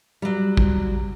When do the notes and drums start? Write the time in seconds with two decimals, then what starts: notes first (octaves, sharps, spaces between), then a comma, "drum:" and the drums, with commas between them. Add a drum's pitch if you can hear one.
0.22 F#3 G3
0.57 drum: kick